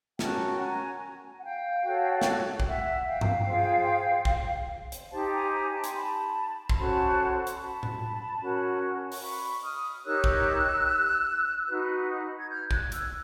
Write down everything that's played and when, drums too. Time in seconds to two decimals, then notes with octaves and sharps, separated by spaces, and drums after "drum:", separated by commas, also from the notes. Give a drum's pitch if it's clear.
0.19 C#4 F#4 A#4 G5 A5, drum: snare
0.60 G#5 A#5
1.37 F#5
1.42 F5 G5
1.83 F#4 A4 C#5
2.21 drum: snare
2.60 G5, drum: kick
2.66 E5 F#5
3.07 F5 G5
3.21 drum: tom G2
3.47 F4 G#4 C5
4.25 drum: kick
4.92 drum: hi-hat
5.12 D#4 G4 C5 G5 A5
5.32 G#5 A#5
5.53 G#5 A#5
5.73 G5 A5
5.84 C6, drum: hi-hat
5.94 A5 B5
6.69 C6, drum: kick
6.76 C#4 F#4 A4 C5 A5 B5
7.47 drum: hi-hat
7.58 A5 B5
7.83 drum: tom A2
8.40 C#4 F#4 A#4
9.12 drum: open hi-hat
9.22 B5 C#6
9.63 D#6 F6
10.05 D#4 G4 A#4 C#5 E6 F#6
10.24 drum: kick
11.68 D#4 F#4 B4
12.39 G#6
12.50 F6 G6
12.71 F#6 G#6, drum: kick
12.92 E6 F#6, drum: hi-hat